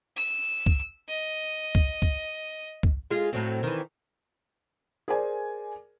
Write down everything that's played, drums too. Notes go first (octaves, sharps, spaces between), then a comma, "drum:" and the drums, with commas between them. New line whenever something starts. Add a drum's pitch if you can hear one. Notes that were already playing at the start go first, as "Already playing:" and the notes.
E6
drum: kick
D#5
drum: kick
drum: kick
drum: kick
G#3 F4 G#4
A2 F#3 C4
D#3 E3
G#4 A#4 C5 D5 G#5